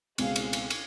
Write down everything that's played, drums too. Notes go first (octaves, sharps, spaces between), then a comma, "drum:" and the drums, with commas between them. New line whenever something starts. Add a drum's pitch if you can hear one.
C#2 B2 C4 G#4 F5, drum: cymbal
drum: cymbal
drum: cymbal
drum: cymbal